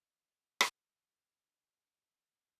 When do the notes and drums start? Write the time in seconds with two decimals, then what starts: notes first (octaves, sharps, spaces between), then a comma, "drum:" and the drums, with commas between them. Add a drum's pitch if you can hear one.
0.15 F#4
0.26 E4
0.61 drum: rim click
0.95 F#4
1.13 G#4
1.30 A4
1.47 G#4
1.64 F#4
1.82 D#4
2.10 C#4
2.17 C4
2.35 C#4